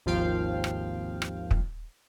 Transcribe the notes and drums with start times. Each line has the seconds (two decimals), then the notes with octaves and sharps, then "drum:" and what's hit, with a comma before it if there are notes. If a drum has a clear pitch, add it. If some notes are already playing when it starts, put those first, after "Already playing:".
0.06 G#1 D#2 F3 F5 G5
0.64 drum: rim click
1.22 drum: rim click
1.51 drum: kick